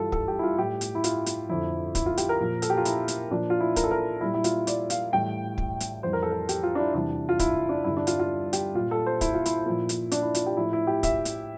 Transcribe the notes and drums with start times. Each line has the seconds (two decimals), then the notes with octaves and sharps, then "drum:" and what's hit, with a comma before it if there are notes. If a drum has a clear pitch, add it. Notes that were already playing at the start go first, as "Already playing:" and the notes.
Already playing: G2 E3 G3 F4 A4
0.12 A4, drum: kick
0.28 G4
0.39 E4
0.43 F4
0.58 A2 G3 G4
0.81 drum: hi-hat
0.95 E4
1.04 F4, drum: hi-hat
1.26 drum: hi-hat
1.49 F2 D3 F3 E4
1.95 E4, drum: kick, hi-hat
2.06 F4
2.17 G4, drum: hi-hat
2.29 A#4
2.40 A#2 F3
2.62 A4, drum: hi-hat
2.70 G4
2.77 F4
2.85 E4, drum: hi-hat
3.08 drum: hi-hat
3.31 A#2 F3 D4
3.50 F4
3.60 E4
3.76 A#4, drum: kick, hi-hat
3.84 A4
3.91 A#4
4.21 A#2 G3 E4
4.34 E4
4.44 F4, drum: hi-hat
4.67 D5, drum: hi-hat
4.90 F5, drum: hi-hat
5.13 A2 E3 G3 G5
5.58 drum: kick
5.80 drum: hi-hat
6.03 F2 E3 G3 C5
6.13 A#4
6.22 A4
6.32 A#4
6.49 G4, drum: hi-hat
6.63 F4
6.75 D4
6.79 E4
6.94 E2 C3 E3 G3 D4
7.29 F4
7.39 E4, drum: kick, hi-hat
7.69 D4
7.84 G2 D3 G3 E4
7.97 D4
8.07 F4, drum: hi-hat
8.19 F4
8.53 G4, drum: hi-hat
8.75 A#2 G3 F4
8.91 A4
9.06 C5
9.21 E4, drum: kick, hi-hat
9.34 F4
9.46 E4, drum: hi-hat
9.66 A#2 F3
9.89 drum: hi-hat
10.12 D4, drum: hi-hat
10.23 E4
10.35 F4, drum: hi-hat
10.46 G4
10.57 A2 F3 E4
10.73 E4
10.87 G4
11.03 E5, drum: kick, hi-hat
11.25 drum: hi-hat